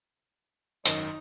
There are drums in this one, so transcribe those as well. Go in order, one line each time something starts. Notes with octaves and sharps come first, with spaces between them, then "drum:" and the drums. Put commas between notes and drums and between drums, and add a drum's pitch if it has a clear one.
G#1 F#2 D#3 D#4, drum: hi-hat